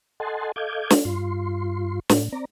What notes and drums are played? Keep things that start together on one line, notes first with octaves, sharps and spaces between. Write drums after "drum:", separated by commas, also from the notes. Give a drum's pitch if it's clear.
A4 D#5 F#5 G#5 A5 C6
A4 D#5 F5 D6 G6 G#6
drum: snare
G2 F4 C6
A2, drum: snare
C4 D5 A#5